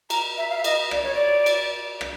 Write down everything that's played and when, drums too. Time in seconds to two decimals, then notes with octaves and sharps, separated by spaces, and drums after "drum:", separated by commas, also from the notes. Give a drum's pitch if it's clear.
0.10 A#5, drum: cymbal
0.37 E5
0.50 F5
0.57 E5
0.64 D#5, drum: cymbal
0.91 D5, drum: rim click
1.04 C#5
1.14 D5
1.46 drum: cymbal
2.01 drum: rim click